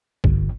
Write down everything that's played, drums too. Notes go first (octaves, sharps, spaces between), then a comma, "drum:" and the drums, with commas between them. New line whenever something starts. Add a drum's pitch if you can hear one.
G1, drum: kick